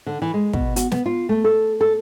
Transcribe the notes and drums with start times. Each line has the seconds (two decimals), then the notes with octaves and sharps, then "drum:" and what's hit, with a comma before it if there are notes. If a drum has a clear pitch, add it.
0.06 D3
0.22 E3
0.34 G#3
0.53 B2, drum: kick
0.76 F#4, drum: hi-hat
0.92 B3, drum: snare
1.06 F4
1.29 A3
1.44 A4
1.81 A4